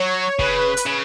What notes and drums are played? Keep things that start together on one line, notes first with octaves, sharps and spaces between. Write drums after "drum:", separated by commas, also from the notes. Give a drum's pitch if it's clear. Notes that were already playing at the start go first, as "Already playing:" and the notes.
Already playing: F#3 C#5
C#3 B4, drum: kick
drum: hi-hat
C#3